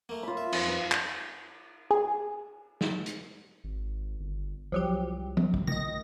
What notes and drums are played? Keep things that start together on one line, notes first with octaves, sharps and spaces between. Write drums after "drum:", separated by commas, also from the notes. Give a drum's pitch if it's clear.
A3 A#3
F4 B5
E5
F2, drum: cymbal
B4
drum: clap
G#4
drum: snare
drum: hi-hat
G#1
G1
C2 F3 F#3 G4
drum: tom F3
drum: kick
D#3 D#5 A#6, drum: tom